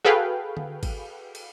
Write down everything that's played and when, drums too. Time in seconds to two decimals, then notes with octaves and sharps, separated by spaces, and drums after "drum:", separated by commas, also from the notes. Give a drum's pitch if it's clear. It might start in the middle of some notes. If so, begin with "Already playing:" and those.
0.05 F#4 G#4 A4 B4 F5 G5
0.57 drum: tom D3
0.83 drum: kick G#1, cymbal
1.35 drum: cymbal